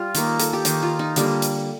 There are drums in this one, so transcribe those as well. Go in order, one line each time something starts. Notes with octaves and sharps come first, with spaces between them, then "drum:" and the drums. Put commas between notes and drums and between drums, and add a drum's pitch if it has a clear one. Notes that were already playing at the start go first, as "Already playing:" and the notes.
Already playing: G3 F4
D#3 A#3 D#4, drum: hi-hat
A4, drum: hi-hat
G4
D#3 A#3 D#4, drum: hi-hat
F4
D#4
D3 G3 A#3, drum: hi-hat
drum: hi-hat